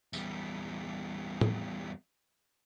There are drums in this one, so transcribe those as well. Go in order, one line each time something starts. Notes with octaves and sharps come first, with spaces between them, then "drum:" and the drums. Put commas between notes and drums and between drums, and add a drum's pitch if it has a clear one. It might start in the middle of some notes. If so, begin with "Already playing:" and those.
E2 G3, drum: tambourine
drum: tom A2